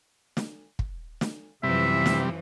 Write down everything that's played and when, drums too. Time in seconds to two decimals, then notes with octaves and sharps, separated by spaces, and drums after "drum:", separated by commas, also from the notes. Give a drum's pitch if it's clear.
0.37 drum: snare
0.79 drum: kick
1.21 drum: snare
1.63 F#2 C3 E3 F3 G3 E5
2.06 drum: snare